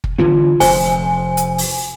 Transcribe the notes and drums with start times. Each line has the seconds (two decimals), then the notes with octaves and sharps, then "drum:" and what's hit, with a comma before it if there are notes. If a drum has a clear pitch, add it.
0.04 drum: kick
0.18 D3 E3 B3 F4
0.60 F1 C5 G#5, drum: open hi-hat
1.37 drum: hi-hat
1.58 drum: open hi-hat